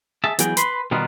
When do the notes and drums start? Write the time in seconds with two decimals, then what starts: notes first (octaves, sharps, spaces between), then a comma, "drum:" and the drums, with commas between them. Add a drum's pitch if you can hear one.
0.24 G#4 E5 A5
0.39 E3 F#3 B3 G#4 G5, drum: hi-hat
0.57 B4 B5 C6, drum: hi-hat
0.91 B2 D#3 G3 B3 D#4 F4